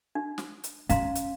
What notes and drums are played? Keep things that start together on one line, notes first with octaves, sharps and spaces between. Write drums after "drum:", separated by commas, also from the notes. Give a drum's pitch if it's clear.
D4
drum: snare
drum: hi-hat
C#4 F5 A#5 C6, drum: hi-hat
drum: hi-hat